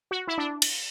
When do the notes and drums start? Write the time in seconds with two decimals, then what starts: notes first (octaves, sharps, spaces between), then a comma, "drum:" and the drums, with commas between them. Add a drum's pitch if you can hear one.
0.11 F#4
0.28 E4
0.38 D4
0.62 drum: cymbal